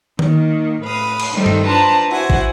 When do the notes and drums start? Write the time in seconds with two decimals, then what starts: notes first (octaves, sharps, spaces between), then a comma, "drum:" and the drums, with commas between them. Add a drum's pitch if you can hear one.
0.19 D#3 A#3, drum: tom D#3
0.82 A2 B4 F5 D#6
1.20 drum: cymbal
1.34 D#3 G3 A3 D#4 A4 C5
1.46 drum: tom G2
1.67 D4 F4 B4 C5 A5 A#5
2.10 E4 F#4 C5 F#5 G#5
2.30 drum: kick